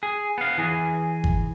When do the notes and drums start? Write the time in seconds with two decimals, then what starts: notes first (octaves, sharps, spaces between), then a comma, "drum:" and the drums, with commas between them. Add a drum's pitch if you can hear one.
0.03 G#4
0.38 B3 F5
0.58 E3 G#4
1.24 drum: kick G1